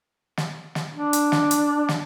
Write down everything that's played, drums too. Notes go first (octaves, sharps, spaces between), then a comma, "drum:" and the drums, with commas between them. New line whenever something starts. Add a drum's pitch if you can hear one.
drum: snare
drum: snare
D4
drum: hi-hat
drum: snare
drum: hi-hat
drum: snare